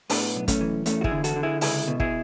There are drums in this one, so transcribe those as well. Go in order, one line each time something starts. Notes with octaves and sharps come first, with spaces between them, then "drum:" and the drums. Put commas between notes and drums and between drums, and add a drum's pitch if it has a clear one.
A2 B3 D4, drum: open hi-hat
B1
A3 C#4, drum: kick, hi-hat
E3
E2 A3 C#4, drum: hi-hat
F#4
E4 G#4, drum: kick
D3
F#4 A4, drum: hi-hat
D3
E4 G#4
C#2 E4 G#4, drum: open hi-hat
B2
E4 G#4, drum: kick